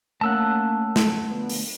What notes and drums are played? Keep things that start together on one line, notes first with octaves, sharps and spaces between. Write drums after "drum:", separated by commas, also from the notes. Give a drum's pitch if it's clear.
A3 A#3 C#4 F#5 A5 E6 F#6
drum: snare
D3 F3 B3
drum: open hi-hat